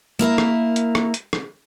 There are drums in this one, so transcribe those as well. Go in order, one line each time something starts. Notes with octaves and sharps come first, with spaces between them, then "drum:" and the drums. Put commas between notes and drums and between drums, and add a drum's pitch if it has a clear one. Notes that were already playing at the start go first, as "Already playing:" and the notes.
A#3 E4 A#4 E5
drum: rim click
drum: hi-hat
drum: rim click
drum: hi-hat
drum: rim click